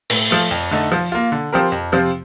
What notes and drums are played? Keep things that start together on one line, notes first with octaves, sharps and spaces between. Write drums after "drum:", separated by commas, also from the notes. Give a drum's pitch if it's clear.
A2, drum: cymbal
F3 A3
F2
D3 A3 D#4 A4
F3
A#3 F4
D3
F3 C4 G4 A#4
F2
C3 F3 C4 F4